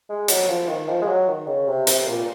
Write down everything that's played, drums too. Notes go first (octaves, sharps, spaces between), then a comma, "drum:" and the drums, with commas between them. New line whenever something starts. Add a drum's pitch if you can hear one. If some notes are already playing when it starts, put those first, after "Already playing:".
G#3
F#3, drum: hi-hat
F3
D#3
F3
G#3
F#3
D#3
C#3
C3
C3, drum: hi-hat
A#2